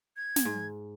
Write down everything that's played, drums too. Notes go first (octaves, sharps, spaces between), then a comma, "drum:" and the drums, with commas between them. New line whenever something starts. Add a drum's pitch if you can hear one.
G#6
drum: snare
G#2